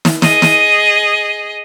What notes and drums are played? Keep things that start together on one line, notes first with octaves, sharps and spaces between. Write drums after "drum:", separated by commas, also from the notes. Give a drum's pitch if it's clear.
drum: snare
G#4 D#5, drum: snare
drum: snare